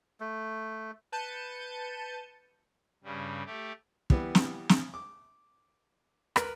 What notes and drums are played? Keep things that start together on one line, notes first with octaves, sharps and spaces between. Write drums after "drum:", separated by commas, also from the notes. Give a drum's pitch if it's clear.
A3
B4 A5 G6 C#7 D#7
G2 C#3 G3
A3 G4
E3 G3 B3, drum: kick
drum: snare
drum: snare
D6
A#4 B4, drum: rim click